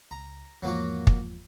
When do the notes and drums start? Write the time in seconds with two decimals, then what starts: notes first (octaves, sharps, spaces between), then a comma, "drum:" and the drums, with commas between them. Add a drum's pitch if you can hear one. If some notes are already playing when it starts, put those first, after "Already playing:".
0.11 C#2 A#5
0.63 E2 G#2 F3 F#3 A#3 F#4
1.07 drum: kick